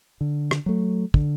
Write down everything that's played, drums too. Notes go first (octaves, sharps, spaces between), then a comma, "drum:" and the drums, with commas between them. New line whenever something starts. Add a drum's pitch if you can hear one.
D3
drum: rim click
F#3 A3
D3, drum: kick